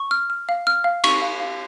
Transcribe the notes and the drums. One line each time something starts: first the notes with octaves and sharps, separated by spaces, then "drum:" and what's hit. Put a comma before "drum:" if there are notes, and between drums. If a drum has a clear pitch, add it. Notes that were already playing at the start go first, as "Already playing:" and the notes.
Already playing: C#6
F6
F6
F5
F6
F5
C#6, drum: cymbal
F5
F5